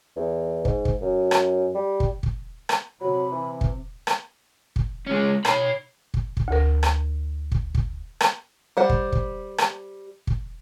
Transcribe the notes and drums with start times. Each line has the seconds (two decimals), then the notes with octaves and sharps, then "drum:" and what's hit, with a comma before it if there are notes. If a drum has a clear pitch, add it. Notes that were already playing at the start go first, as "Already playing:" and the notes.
0.16 E2
0.65 G#2, drum: kick
0.85 drum: kick
1.01 F#2
1.31 drum: rim click
1.75 G3
2.00 drum: kick
2.23 drum: kick
2.69 drum: rim click
3.01 C3 F#3 B5
3.32 E3
3.61 drum: kick
4.07 drum: rim click
4.76 drum: kick
5.06 G#3 C#4
5.45 C#5 B5, drum: rim click
6.14 drum: kick
6.37 drum: kick
6.48 D2 A#4
6.83 drum: rim click
7.52 drum: kick
7.75 drum: kick
8.21 drum: rim click
8.77 G3 C5 F#5
8.89 drum: kick
9.12 drum: kick
9.58 drum: rim click
10.27 drum: kick